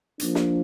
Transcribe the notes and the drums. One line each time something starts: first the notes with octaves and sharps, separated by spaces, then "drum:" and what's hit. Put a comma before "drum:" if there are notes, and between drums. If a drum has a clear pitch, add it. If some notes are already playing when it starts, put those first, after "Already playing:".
F3 A#3 D4, drum: hi-hat
drum: snare